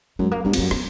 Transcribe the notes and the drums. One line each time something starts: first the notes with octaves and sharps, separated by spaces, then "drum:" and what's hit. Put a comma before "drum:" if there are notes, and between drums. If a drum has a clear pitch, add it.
F#2 G#3
A#3
G2 B3
F2, drum: cymbal
F#2 A#3
B3, drum: rim click